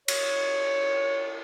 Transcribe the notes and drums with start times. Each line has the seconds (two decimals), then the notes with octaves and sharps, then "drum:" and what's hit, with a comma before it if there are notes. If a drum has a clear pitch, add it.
0.08 C#5, drum: cymbal